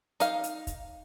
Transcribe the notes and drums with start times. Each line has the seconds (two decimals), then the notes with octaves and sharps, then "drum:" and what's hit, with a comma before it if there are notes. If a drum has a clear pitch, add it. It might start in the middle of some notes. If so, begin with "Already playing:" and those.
0.20 D#4 F5, drum: hi-hat
0.44 drum: hi-hat
0.67 drum: kick, hi-hat